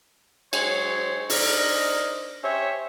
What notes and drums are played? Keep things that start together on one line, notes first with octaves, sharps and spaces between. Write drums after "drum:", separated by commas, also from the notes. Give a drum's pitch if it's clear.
F#3 G#3 C5 C#5, drum: cymbal
D4 D#4 A#4 C5 D#5, drum: open hi-hat
C#4 G4 C5 C#5 E5